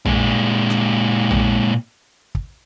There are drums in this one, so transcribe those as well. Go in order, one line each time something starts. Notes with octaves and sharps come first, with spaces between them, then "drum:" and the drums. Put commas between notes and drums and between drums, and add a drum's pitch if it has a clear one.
A#2 G#3, drum: tom A#1
drum: snare
drum: tom A#1
drum: kick